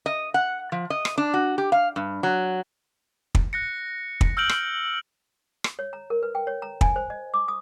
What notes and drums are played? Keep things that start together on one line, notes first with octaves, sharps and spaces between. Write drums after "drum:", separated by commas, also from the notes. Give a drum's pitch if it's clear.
D#5
F#5
F3
D#5
drum: rim click
D4
F#4
G4
F5
G2
F#3
drum: kick
F#6 A#6 C#7
drum: kick
E6 F6 G6 D7 F#7
drum: rim click
drum: rim click
C#5
A#5
A#4
B4
G5
C#5
A#5
G#5, drum: kick
C5
D#5
D6
D#6